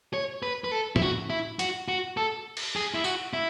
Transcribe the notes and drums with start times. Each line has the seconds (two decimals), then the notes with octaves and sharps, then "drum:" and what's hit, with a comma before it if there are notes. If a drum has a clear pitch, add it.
0.13 C#5
0.43 B4
0.64 B4
0.72 A4
0.96 E4, drum: tom A2
1.02 F#4
1.30 E4
1.59 F#4, drum: hi-hat
1.88 F#4
2.17 A4
2.57 drum: cymbal
2.76 G#4
2.94 E4
3.04 F#4, drum: tambourine
3.33 E4